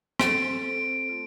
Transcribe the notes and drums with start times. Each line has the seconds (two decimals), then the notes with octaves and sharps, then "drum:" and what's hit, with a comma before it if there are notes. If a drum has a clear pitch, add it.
0.20 C4 A4 C5 D7, drum: rim click
1.08 A3 F4 C5